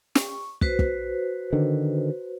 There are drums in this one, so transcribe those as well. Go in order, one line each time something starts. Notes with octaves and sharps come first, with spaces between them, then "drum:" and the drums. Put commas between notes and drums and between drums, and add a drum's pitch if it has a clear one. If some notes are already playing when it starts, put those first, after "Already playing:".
C#6, drum: snare
F#4 B4 C5, drum: kick
drum: kick
D3 D#3